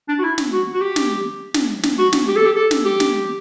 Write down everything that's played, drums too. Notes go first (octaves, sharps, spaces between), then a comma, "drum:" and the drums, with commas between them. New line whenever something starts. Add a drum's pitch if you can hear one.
D4
F#4
E4
drum: snare
F#4
F#4
G4
drum: snare
drum: snare
drum: snare
F#4
drum: snare
G4
A4
G4
A4
drum: snare
G4
drum: snare